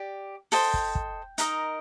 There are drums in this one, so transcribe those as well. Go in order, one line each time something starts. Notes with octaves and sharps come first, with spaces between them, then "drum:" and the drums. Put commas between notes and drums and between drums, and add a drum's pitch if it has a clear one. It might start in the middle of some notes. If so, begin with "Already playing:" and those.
Already playing: G4 D5
A4 C5 D#5 G5, drum: open hi-hat
drum: kick
drum: kick
D#4 A#4 D#5, drum: hi-hat